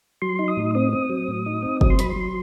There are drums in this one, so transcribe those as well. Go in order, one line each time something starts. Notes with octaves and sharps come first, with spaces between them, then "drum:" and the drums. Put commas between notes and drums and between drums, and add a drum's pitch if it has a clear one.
F#3 C6
D#4
D#6
A2
C4 D#6
C4
F#3
A2
D#4
C4
F#3 D#6, drum: kick
C6
F#3 B5, drum: hi-hat
C6
F#3